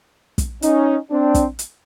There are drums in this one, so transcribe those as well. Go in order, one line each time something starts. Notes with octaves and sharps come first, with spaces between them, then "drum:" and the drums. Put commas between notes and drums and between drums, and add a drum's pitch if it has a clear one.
drum: kick, hi-hat
C#4 D#4, drum: hi-hat
C4 D4
drum: kick, hi-hat
drum: hi-hat